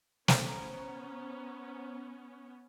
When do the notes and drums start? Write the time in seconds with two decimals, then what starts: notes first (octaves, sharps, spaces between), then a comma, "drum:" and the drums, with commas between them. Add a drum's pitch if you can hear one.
0.28 B3 C#4 C5 A#5, drum: snare